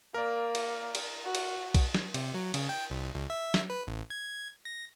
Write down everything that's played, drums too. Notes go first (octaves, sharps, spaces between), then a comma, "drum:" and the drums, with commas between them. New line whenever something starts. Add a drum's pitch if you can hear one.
A#3 A#4 D5
drum: cymbal
drum: cymbal
F#4
drum: cymbal
drum: kick B1, cymbal
drum: snare
C3, drum: cymbal
F#3
C#3, drum: cymbal
G5
C2
C#2
E5
drum: snare
B4
A1
G#6
A#6